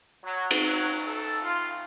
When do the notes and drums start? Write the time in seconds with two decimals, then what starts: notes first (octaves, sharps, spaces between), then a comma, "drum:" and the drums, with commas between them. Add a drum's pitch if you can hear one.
0.23 F#3
0.51 drum: cymbal
0.63 F#3
1.06 A4
1.41 F4